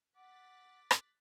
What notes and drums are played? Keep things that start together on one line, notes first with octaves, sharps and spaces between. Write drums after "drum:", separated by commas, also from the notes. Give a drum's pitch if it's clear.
F#5 D6 F#6 A6 B6
drum: rim click